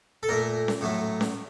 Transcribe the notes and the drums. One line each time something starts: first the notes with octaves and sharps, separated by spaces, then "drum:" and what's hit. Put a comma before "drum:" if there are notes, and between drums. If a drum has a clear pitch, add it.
A4
A#2 A3 A#4
drum: snare C#4
A2 F#3 A3
drum: snare C#4